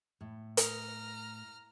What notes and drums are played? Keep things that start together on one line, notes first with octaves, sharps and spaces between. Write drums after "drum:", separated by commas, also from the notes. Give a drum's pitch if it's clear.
A2
A#5 F6, drum: hi-hat